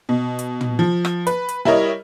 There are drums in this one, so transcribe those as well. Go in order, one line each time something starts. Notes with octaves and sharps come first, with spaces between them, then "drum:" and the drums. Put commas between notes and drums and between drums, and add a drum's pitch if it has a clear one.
B2
drum: hi-hat
drum: tom
F3
drum: rim click
B4, drum: hi-hat
drum: hi-hat
G3 E4 A#4 C#5 D#5